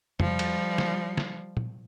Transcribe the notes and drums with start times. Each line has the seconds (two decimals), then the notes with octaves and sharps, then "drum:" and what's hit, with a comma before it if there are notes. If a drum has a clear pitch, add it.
0.20 F3 G3, drum: tom F2
0.39 drum: cymbal
0.78 drum: snare
1.17 drum: snare
1.57 drum: tom A#2